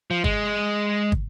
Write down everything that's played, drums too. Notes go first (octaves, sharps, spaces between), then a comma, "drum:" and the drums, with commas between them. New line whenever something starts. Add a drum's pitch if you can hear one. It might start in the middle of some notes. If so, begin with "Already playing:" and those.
F3
G#3, drum: kick
drum: kick